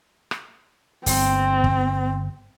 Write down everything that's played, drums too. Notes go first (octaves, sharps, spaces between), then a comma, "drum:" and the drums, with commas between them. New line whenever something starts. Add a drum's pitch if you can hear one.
drum: rim click
G1 C4, drum: open hi-hat
drum: kick